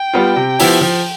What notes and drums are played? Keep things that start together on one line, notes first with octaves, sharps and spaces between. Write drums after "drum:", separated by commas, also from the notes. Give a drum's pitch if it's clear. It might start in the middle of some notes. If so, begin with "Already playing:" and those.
Already playing: G5
G3 B3 F4
C3
F3 B3 E4 G4, drum: open hi-hat
F3